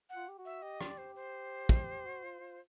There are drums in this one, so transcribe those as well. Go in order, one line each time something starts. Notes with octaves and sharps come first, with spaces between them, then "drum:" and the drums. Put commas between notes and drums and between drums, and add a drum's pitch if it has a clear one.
F#5
F4
G4
F#4
E5
G4 D#5
D5, drum: rim click
C5
C5
drum: kick
F#4
F4
F4